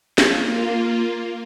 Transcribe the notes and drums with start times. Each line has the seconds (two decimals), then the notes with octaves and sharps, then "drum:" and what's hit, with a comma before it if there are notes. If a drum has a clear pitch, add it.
0.18 A#3 F4, drum: snare